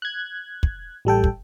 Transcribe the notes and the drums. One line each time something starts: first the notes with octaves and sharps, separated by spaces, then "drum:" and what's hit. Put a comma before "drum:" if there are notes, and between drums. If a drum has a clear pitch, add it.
F#6 G#6
drum: kick
A1 G3 A4 G5
drum: kick